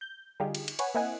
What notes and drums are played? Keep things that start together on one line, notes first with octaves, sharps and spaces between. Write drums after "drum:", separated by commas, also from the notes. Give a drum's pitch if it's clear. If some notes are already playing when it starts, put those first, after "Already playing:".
G6
D3 G3 D#4 F4 G4 G#4
drum: cymbal
drum: cymbal
B4 C#5 F#5 G#5, drum: cymbal
A#3 C4 E4 D#5 F#5 G#5